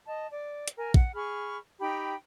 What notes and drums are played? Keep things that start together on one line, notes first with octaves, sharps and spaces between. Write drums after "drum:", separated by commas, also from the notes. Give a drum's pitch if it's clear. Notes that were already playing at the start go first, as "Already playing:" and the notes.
D#5 A5
D5
drum: hi-hat
A#4 G#5
F#5, drum: kick
G#4 B5 C#6 F6
D#4 G4 G5 B5